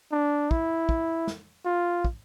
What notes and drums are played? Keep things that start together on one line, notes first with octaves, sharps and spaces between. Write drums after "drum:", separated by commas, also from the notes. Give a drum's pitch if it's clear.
D4
E4, drum: kick
drum: kick
drum: snare
F4
drum: kick